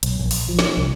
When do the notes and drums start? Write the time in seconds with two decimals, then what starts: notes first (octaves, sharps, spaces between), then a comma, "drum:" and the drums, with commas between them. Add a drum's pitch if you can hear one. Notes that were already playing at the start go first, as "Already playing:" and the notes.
0.03 B1, drum: hi-hat
0.19 A#1
0.31 drum: open hi-hat
0.49 F3
0.59 drum: snare
0.77 C2